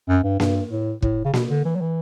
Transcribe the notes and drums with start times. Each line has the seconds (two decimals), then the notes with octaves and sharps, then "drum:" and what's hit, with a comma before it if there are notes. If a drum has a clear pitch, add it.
0.09 F#2
0.24 G2
0.40 G2, drum: snare A#3
0.71 A2
1.02 A2, drum: kick
1.25 C#3
1.34 B2, drum: snare A#3
1.49 D3
1.65 E3
1.76 F#3
1.81 E3